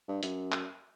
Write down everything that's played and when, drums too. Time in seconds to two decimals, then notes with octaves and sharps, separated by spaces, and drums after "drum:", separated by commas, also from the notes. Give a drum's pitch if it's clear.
0.08 G2
0.23 F#2, drum: hi-hat
0.52 drum: clap